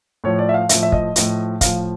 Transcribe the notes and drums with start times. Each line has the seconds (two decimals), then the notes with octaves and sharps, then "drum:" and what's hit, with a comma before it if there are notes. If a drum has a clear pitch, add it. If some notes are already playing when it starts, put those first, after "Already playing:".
0.24 A2 F3 C#5
0.39 D5
0.49 E5
0.54 F5
0.69 A2 F3 E5, drum: hi-hat
0.83 E5
0.92 D#5, drum: kick
1.16 A2 F3, drum: hi-hat
1.61 A2 F3 F5, drum: kick, hi-hat